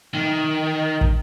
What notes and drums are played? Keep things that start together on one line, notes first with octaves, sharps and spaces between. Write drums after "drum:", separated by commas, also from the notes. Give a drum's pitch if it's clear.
D#3
drum: kick